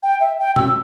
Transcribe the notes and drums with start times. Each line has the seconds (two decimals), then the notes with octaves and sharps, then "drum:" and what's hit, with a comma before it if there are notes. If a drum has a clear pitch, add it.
0.03 G5
0.20 E5
0.39 G5
0.56 E6, drum: tom B2